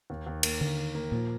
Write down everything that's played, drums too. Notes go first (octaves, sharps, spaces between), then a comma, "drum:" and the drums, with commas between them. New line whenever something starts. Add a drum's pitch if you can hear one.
D#2
D#2
A#3, drum: cymbal
D#2 D3
D#3
A#3
A#2 F3